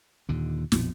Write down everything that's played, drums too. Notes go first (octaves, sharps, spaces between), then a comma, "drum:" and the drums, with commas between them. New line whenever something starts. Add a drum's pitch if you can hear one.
D#2 A#2 D3
A#1 F2 B2 B3, drum: snare